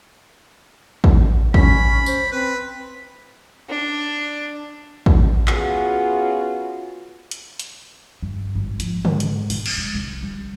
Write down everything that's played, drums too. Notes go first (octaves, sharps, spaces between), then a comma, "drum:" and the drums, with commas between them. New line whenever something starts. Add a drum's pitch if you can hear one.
drum: kick
C#4 B5, drum: kick
C5, drum: tambourine
C4 B4
D4
drum: kick
B3 C#4 F4 F#4 G#4, drum: clap
drum: hi-hat
drum: hi-hat
G2
G#1
F3, drum: hi-hat
G#2, drum: tom C#3
drum: hi-hat
B2, drum: open hi-hat
drum: cymbal
G#3
C2
G3